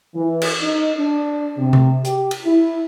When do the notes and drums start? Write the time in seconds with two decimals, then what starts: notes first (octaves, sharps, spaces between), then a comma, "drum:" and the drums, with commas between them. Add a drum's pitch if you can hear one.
0.15 E3
0.42 drum: cymbal
0.62 D#4
0.97 D4
1.58 C3
1.73 drum: tom C3
2.05 G4, drum: hi-hat
2.31 drum: cymbal
2.45 E4